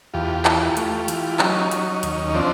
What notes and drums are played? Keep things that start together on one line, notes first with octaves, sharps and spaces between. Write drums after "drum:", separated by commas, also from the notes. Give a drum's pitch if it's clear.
E2 F4 G4
E3, drum: clap
A3, drum: hi-hat
E3, drum: hi-hat
F#3 C#4 D#4, drum: clap
F#3, drum: hi-hat
D#2, drum: hi-hat
F3 C4 D4